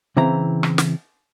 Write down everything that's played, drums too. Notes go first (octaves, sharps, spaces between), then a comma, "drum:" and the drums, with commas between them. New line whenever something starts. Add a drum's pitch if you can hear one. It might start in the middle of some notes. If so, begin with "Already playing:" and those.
C#3 E3 C4 E4 A#5
drum: rim click
drum: snare